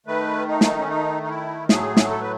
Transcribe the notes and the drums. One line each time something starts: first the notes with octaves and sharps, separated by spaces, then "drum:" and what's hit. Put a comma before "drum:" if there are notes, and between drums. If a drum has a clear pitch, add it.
D#3 A3 B4
D#4
drum: snare
C#4
D#4
D#4
E4
A2 F#3 A3 G#4, drum: snare
drum: snare
A4
B4